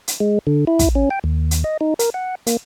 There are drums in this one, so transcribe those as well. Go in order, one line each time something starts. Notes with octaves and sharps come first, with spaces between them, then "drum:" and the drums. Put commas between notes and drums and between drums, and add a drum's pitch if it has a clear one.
drum: hi-hat
G#3
D3
E4
drum: kick, hi-hat
C#4
G5
D#2
drum: hi-hat
D#5
D#4
A#4, drum: hi-hat
F#5
A#3, drum: hi-hat